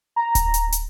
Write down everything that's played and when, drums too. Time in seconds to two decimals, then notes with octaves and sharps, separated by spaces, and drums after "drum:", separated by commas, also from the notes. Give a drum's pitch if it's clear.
0.16 A#5
0.35 drum: kick D1, hi-hat
0.54 drum: hi-hat
0.72 drum: hi-hat